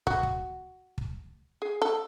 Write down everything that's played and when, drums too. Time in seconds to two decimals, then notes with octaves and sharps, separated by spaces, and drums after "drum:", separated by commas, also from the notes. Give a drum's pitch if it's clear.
0.07 F#4, drum: kick
0.23 drum: kick
0.98 drum: kick
1.62 G#4
1.82 A4